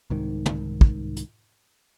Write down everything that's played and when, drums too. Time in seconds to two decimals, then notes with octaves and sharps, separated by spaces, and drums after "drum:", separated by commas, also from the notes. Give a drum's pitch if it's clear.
0.10 C2 G#2 D#3
0.46 drum: tom
0.81 drum: kick
1.17 drum: hi-hat